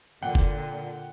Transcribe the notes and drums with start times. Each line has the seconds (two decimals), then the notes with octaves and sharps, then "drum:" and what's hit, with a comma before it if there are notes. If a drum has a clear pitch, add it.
0.23 A#2 D3 F#5 G5
0.35 drum: kick